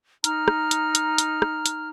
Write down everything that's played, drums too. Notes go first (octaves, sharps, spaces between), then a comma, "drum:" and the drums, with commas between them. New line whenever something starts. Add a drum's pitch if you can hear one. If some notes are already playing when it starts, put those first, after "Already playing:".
D#4 A#5 F6, drum: hi-hat
drum: rim click
drum: hi-hat
drum: hi-hat
drum: hi-hat
drum: rim click
drum: hi-hat